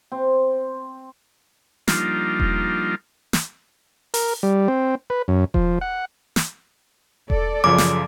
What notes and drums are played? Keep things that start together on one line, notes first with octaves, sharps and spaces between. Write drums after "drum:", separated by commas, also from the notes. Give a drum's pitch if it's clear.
C4
F3 G3 A#3 D4 D#4 F4, drum: snare
drum: kick E1
drum: snare
A#4, drum: open hi-hat
G3
C4
B4
F#2
F3, drum: kick E1
F#5
drum: snare
A4 D5, drum: kick E1
F#2 C#3 F3 D6
drum: snare